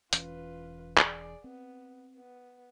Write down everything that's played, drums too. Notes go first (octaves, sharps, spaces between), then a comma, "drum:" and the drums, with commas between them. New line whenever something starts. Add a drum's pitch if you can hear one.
E1 E3 C#4 F4 B4, drum: hi-hat
G#4 D5, drum: clap
B3 C4
B3